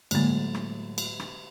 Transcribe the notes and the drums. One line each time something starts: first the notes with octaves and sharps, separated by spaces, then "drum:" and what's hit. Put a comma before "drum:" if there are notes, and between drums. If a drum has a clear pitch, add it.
A2 D3 F#3 G#3 A#3 A6, drum: cymbal
drum: rim click
drum: cymbal
drum: rim click